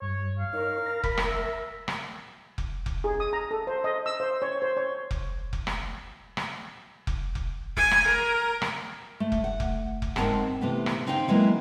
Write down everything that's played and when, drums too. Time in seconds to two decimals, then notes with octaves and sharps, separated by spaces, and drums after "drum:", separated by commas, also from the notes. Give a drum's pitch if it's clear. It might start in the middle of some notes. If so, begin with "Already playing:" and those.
0.02 G2 C#5
0.39 F5
0.53 D#4 A#4 C#5
0.86 A#5
1.03 B5, drum: kick F1
1.17 drum: rim click
1.28 E5
1.88 drum: rim click
2.58 drum: kick F1
2.86 drum: kick F1
3.04 G#4
3.20 D#6
3.33 A#5
3.51 A4
3.67 C5
3.84 D#5
4.06 E6
4.20 C5
4.42 C#5
4.62 C5
4.77 C#5
5.11 drum: kick F1
5.53 drum: kick F1
5.67 drum: rim click
6.37 drum: rim click
7.07 drum: kick F1
7.35 drum: kick F1
7.77 G#5, drum: kick F1
7.91 drum: rim click
8.07 A#4
8.62 drum: rim click
9.20 A3
9.32 drum: kick F1
9.44 F#5
9.60 drum: kick F1
10.02 drum: kick F1
10.16 G#2 G#3 C4 A#4 F#5 A5, drum: rim click
10.61 C3 E3 A3 B3
10.86 drum: rim click
11.07 C#3 C4 D#4 F5 G5
11.28 E3 F#3 G#3 A#3 B3 E4